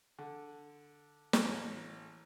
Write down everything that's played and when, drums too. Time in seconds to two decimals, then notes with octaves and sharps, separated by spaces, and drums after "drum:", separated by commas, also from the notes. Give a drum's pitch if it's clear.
0.19 D3
1.33 drum: snare
1.45 A1